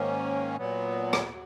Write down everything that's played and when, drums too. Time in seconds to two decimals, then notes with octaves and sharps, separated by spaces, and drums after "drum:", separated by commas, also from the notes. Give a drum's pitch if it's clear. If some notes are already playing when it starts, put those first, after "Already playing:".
Already playing: G#2 D#3 A#3 C#4
0.57 A#2 F#3 B3
1.13 drum: rim click
1.29 F#3